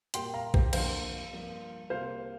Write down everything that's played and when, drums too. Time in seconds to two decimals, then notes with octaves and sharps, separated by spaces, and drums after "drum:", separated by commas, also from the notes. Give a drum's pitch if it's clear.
0.14 A#2 G3 A#3 G5 C6, drum: hi-hat
0.34 F5 A#5
0.54 G4 C5, drum: kick
0.73 F2 D3 F3 A#3 C5 F5, drum: cymbal
1.32 G2 F3 A#3
1.90 C2 C3 A#3 C5 F5